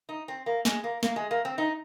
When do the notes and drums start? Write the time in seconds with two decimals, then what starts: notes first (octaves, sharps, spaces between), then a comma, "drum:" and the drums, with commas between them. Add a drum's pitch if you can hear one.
0.09 D#4
0.28 C4
0.46 A#3
0.65 G#3, drum: snare
0.84 A#3
1.03 A#3, drum: snare
1.16 G#3
1.31 A#3
1.45 C4
1.58 D#4